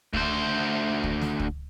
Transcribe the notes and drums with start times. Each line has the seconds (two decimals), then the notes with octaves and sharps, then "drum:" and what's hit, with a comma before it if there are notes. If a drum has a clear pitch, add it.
0.13 D2 C5, drum: kick
1.04 drum: kick
1.22 drum: snare
1.40 drum: kick